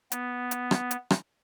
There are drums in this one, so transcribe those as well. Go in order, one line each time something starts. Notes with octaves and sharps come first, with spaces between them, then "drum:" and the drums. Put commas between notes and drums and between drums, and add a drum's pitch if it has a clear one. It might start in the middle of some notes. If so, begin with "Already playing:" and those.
B3, drum: hi-hat
drum: hi-hat
drum: rim click
drum: hi-hat
drum: rim click